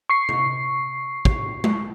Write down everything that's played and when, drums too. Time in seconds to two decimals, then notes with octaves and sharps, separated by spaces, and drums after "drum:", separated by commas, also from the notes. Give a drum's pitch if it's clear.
0.10 C#6 C7
0.29 drum: tom C3
1.25 drum: kick
1.64 drum: tom G#3